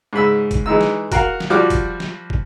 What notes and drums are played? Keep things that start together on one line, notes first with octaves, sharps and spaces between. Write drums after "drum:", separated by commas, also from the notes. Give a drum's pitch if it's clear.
G#2 C#3 B5 E6
drum: kick, hi-hat
E3 G#3 D#4 E6
drum: snare
F#4 A#4 F5 F#5, drum: kick, hi-hat
drum: snare
F3 G3 F#4 D6 F6
drum: kick, hi-hat
drum: snare
drum: kick